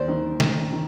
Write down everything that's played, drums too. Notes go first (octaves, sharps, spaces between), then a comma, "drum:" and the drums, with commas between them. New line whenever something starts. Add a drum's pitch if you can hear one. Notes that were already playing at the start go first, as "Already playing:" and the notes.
Already playing: D#2 C5 D5
D#3
D#3, drum: snare
D#3